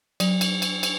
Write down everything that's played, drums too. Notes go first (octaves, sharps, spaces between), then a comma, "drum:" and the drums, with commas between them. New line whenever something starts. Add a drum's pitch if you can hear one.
F#3, drum: cymbal
drum: cymbal
drum: cymbal
drum: cymbal